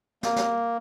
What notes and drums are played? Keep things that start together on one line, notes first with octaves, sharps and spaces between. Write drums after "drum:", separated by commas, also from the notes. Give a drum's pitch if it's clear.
A#3, drum: snare
drum: snare